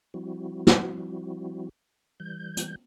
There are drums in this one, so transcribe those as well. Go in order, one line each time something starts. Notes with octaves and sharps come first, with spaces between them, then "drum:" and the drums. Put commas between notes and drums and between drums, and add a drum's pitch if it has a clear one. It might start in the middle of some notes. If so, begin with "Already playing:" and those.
F3 G3 C4 E4 F#4
drum: snare
E3 G3 G6
drum: hi-hat